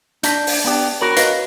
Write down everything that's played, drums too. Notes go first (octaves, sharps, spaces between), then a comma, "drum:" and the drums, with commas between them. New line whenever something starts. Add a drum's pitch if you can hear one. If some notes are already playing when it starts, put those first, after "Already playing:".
D4 G6 A#6 B6, drum: hi-hat
drum: open hi-hat
B3 D4 G4
F#4 A#4 C#5 B5
B4 D#5 F5, drum: hi-hat